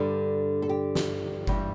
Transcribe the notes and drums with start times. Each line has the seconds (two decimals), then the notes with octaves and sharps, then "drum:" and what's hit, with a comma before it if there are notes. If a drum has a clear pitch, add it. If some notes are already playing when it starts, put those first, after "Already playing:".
Already playing: G2 D3 G3 A4
0.62 A4
0.69 G4
0.95 drum: snare
1.47 G2 E3 G3, drum: kick F#1